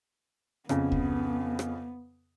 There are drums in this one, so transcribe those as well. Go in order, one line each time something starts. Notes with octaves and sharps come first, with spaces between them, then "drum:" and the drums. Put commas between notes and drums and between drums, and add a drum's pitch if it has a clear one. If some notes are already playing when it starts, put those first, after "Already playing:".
F2 C#3 B3, drum: rim click
drum: kick C#2
drum: rim click